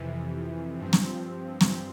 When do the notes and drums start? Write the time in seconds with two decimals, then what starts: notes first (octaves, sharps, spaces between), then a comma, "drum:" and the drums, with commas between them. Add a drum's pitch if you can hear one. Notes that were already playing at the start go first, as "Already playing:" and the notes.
Already playing: F2 C3 E3
0.79 G2 F3 C4
0.93 drum: snare
1.61 drum: snare